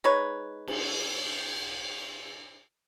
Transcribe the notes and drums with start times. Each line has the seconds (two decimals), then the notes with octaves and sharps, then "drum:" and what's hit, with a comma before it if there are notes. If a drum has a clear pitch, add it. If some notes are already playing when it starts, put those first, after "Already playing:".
0.04 G#3 D#4 B4 C#5
0.67 drum: cymbal